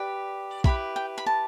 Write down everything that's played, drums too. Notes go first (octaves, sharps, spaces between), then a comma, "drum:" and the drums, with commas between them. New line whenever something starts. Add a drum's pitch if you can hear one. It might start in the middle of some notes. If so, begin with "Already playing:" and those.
Already playing: G4 B4 D5
E4 G4 B4 B5, drum: kick
G5
B5
A5